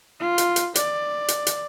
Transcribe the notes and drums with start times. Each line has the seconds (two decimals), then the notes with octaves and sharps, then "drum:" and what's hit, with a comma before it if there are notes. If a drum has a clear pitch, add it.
0.20 F4
0.38 drum: hi-hat
0.56 drum: hi-hat
0.75 D5, drum: hi-hat
1.28 drum: hi-hat
1.47 drum: hi-hat